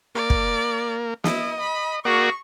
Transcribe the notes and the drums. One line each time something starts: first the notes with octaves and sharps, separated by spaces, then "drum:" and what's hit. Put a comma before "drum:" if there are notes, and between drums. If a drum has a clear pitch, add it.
A#3 D5
drum: kick
E4 D#5, drum: snare
B5
A#3 F#4 G#4 D5 F#5 C#6